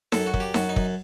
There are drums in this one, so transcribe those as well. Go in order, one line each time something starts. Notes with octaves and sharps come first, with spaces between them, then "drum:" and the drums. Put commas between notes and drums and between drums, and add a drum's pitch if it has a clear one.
F#2 A4, drum: snare D#4
F#4
F#2, drum: kick
G4
F#2 F#4, drum: snare D#4
D#4
F#2, drum: kick